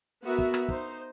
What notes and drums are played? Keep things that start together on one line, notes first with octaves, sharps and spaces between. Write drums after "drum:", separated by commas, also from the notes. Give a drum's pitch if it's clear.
B3 F#4 A#4 E5
drum: kick
drum: rim click
D#4 C5, drum: kick